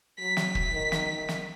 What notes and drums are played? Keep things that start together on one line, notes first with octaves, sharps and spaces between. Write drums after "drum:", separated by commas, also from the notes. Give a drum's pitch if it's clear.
F#3 B6
drum: snare
drum: kick
D#3
drum: snare
drum: snare